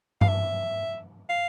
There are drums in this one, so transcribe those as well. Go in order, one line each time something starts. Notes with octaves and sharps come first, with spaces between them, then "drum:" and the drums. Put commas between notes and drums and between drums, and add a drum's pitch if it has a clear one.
F5, drum: tom G2
E5
F5